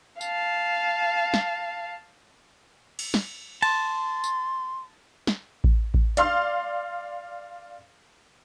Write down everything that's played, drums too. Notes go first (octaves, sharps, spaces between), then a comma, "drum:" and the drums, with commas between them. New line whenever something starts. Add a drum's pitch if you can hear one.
F5 A5, drum: tambourine
drum: snare
drum: cymbal
drum: snare
A5 C6, drum: cymbal
drum: tambourine
drum: snare
drum: kick A1
drum: kick A1
D5 F5 C6 F6, drum: hi-hat